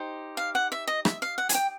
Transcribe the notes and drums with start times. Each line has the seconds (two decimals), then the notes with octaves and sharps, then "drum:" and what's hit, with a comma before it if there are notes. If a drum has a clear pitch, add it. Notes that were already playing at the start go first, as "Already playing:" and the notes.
Already playing: D#4 G4 C5
0.37 F5
0.55 F#5
0.72 E5
0.87 D#5
1.05 E5, drum: rim click
1.22 F5
1.38 F#5
1.49 G#5, drum: hi-hat
1.55 G5